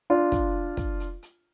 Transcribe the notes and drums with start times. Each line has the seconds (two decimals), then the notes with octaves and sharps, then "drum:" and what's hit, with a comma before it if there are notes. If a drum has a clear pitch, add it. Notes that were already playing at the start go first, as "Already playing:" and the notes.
0.10 D4 F4
0.32 drum: kick, hi-hat
0.77 drum: kick, hi-hat
1.00 drum: hi-hat
1.23 drum: hi-hat